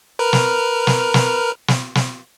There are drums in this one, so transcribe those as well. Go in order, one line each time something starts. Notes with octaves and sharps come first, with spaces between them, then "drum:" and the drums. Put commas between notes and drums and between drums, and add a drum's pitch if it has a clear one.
A#4 B4 F6
drum: snare
drum: snare
drum: snare
drum: snare
drum: snare